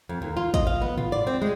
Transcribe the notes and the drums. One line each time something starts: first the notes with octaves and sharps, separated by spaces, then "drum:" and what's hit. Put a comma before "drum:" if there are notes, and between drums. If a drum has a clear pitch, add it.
F2
D#2
F4
D#5, drum: kick, hi-hat
F5
B3
F4, drum: tom G#2
D5
C4
G#3